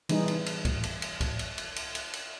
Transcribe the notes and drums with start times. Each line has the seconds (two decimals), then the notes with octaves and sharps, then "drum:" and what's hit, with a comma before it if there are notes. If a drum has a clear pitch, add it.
0.09 E3 G3 D#4 G#4, drum: cymbal
0.28 drum: cymbal
0.46 drum: cymbal
0.65 drum: kick C2, cymbal
0.83 drum: cymbal
1.02 drum: cymbal
1.21 drum: kick C2, cymbal
1.39 drum: cymbal
1.58 drum: cymbal
1.76 drum: cymbal
1.95 drum: cymbal
2.13 drum: cymbal